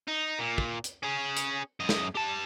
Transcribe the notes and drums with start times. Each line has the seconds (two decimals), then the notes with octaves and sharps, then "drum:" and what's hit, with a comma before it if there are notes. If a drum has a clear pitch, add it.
0.08 D#4
0.39 A#2
0.58 drum: kick
0.84 drum: hi-hat
1.03 C#4 G#4
1.37 drum: hi-hat
1.80 F#2 D#5
1.89 drum: snare
2.15 G4 A5